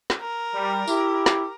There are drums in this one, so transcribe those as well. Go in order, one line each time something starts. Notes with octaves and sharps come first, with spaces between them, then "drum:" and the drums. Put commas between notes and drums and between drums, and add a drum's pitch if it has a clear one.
drum: snare
A#4
G3
E4 G4, drum: tambourine
drum: snare